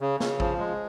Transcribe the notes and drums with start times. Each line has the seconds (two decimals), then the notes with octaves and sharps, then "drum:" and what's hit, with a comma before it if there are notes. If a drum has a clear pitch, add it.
0.01 C#3
0.20 C#3, drum: snare
0.40 F3, drum: kick
0.59 G#3